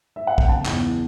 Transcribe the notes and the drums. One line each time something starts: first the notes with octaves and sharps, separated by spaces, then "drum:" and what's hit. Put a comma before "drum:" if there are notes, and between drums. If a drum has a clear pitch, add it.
E5
F#5
G5, drum: kick
F#1 F#5 A5
E2, drum: clap
E3